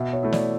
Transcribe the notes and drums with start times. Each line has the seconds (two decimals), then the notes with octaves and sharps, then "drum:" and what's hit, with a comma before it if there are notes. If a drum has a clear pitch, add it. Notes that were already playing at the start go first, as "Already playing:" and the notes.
Already playing: B2 E5
0.13 C#5
0.23 A3 E4
0.32 D5, drum: snare